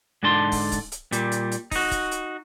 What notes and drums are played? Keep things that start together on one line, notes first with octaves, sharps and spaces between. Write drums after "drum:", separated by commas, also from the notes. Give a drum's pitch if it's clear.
G#2 D3 D4 A5 C6
drum: kick, open hi-hat
drum: kick, hi-hat
drum: hi-hat
A#2 G3, drum: hi-hat
drum: hi-hat
drum: hi-hat
D#4 F#4, drum: kick, open hi-hat
drum: kick, hi-hat
drum: hi-hat